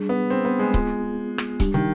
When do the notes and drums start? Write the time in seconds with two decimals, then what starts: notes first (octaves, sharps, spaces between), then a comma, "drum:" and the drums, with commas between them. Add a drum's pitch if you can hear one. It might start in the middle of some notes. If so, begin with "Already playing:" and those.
Already playing: G3 D4 G#4
0.09 B3
0.30 C4
0.45 B3
0.59 G#3
0.74 B3 F4 G#4, drum: kick C#1
1.38 drum: rim click
1.60 G3 D4 G4, drum: kick C#1, hi-hat
1.74 D#3